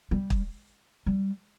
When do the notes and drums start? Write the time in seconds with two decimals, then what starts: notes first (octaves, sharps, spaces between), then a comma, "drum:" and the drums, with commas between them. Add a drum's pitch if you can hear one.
0.11 G3
0.30 drum: kick
1.06 G3